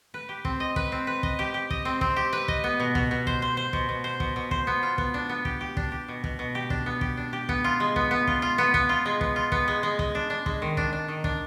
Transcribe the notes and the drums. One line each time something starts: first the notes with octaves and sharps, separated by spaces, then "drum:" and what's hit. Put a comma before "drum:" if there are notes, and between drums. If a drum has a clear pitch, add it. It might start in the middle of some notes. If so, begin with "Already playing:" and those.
B4
G4
C4, drum: kick
D#5
B4, drum: kick
C4
B4
D#5, drum: kick
G4
G4
D#5, drum: kick
C4
C4, drum: kick
G4
B4
D#5, drum: kick
B3
B2
B2, drum: kick
B2
C5, drum: kick
C5
C5
B2, drum: kick
B2
C5
B2, drum: kick
B2
C5, drum: kick
B3
F4
B3, drum: kick
D4
B3
G4, drum: kick
G4
D4, drum: kick
G4
B2
B2, drum: kick
B2
G4
D4, drum: kick
B3
G4, drum: kick
D4
G4
B3, drum: kick
F4
G#3
B3, drum: kick
B3
F4, drum: kick
F4
B3
B3, drum: kick
F4
G#3
B3, drum: kick
F4
B3, drum: kick
G#3
G#3
G#3, drum: kick
D4
D4
G#3, drum: kick
D#3
D4, drum: kick
D4
D#3
D4, drum: kick